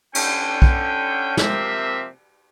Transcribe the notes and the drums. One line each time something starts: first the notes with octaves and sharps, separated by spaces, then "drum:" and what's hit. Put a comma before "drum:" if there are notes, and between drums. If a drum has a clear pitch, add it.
D3 C#4 G5, drum: cymbal
drum: kick
C3 F3 A#3 C4 G4 E5, drum: snare